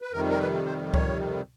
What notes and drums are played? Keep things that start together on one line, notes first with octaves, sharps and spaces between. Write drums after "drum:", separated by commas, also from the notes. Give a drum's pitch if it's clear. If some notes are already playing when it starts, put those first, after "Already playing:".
B4
F2 C3 D#3 G3 A#4
A#4
B4
C5
C#5, drum: kick C#2